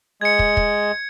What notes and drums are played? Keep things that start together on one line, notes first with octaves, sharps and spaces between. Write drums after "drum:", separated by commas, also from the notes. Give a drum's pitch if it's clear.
G#3 G#6 C#7
drum: kick
drum: kick